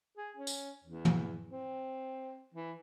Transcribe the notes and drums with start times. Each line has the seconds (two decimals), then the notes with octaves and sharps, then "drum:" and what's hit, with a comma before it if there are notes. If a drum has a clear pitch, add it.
0.18 G#4
0.37 C#4
0.47 drum: tambourine
0.84 E2
1.05 drum: tom
1.51 C4
2.54 E3